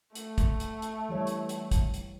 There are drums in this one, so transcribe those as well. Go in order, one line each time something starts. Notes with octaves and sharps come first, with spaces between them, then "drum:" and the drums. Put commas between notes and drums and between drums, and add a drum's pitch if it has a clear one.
A3, drum: hi-hat
drum: kick, hi-hat
drum: hi-hat
drum: hi-hat
E3 G3 C#5
drum: hi-hat
drum: hi-hat
drum: kick, hi-hat
drum: hi-hat